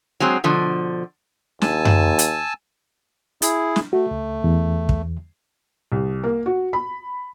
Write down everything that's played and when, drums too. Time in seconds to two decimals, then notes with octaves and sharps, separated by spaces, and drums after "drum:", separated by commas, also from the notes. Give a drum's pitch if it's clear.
0.20 F#3 G#3 C4 G#4
0.44 B2 D3 F3
1.62 D#2 G#5 A5 E6, drum: snare
1.85 drum: tom F#2
2.19 drum: hi-hat
3.42 E4 G#4, drum: hi-hat
3.76 drum: snare
3.93 A3 F#4
4.11 C#2
4.44 E2
4.89 drum: kick
5.92 C2
6.23 A#3
6.46 F#4
6.73 B5